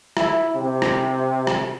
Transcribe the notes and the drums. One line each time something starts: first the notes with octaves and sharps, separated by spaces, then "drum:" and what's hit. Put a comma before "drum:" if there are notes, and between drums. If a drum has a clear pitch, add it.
E4, drum: rim click
C3
drum: rim click
drum: rim click